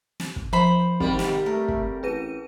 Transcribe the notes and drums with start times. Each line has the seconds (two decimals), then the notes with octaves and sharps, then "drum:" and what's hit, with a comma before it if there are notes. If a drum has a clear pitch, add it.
0.20 drum: snare
0.36 drum: kick
0.53 F3 C5 B5
1.00 G#2 C3 D#3 G3 C4, drum: kick
1.19 drum: snare
1.46 A3 A#4
1.68 drum: kick
2.03 A1 G#4 B4 D#7